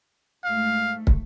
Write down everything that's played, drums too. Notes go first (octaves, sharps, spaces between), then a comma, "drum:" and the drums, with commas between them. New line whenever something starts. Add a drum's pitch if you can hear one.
G#2 A3 F5
drum: kick